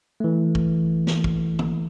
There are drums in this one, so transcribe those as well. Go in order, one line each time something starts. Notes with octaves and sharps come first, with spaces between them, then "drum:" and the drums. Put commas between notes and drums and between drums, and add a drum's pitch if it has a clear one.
E3 A3
drum: kick
drum: snare
drum: kick
drum: tom